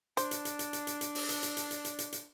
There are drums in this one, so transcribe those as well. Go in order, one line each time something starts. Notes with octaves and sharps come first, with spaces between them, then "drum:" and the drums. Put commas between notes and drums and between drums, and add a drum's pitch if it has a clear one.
D4 C5, drum: hi-hat
drum: hi-hat
drum: hi-hat
drum: hi-hat
drum: hi-hat
drum: hi-hat
drum: hi-hat
drum: open hi-hat
drum: hi-hat
drum: hi-hat
drum: hi-hat
drum: hi-hat
drum: hi-hat
drum: hi-hat
drum: hi-hat